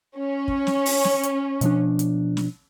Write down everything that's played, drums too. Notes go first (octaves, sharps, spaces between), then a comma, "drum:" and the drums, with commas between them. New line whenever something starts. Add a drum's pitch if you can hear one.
C#4
drum: kick
drum: snare
drum: open hi-hat
drum: snare
drum: hi-hat
B2 F3 D4, drum: hi-hat
drum: hi-hat
drum: snare